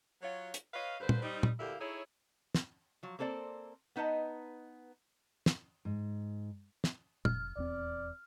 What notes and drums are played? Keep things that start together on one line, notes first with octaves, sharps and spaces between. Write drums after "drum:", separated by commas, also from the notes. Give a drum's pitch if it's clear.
F#3 F4 F#4 C#5
drum: hi-hat
B4 C#5 D#5 F5
G2 D3 A#3 B4 C5
drum: tom
G3 C4 D#4
drum: tom
D2 D3 A#3 E4 G4 F5
D#4 E4 G#4 A4 C#5
drum: snare
F3 F#3
A#3 C4 A4 C5 D5
B3 D#4 B4 D#5 A5
drum: snare
G#2
drum: snare
F1 F6, drum: tom
D#1 E2 C4 D5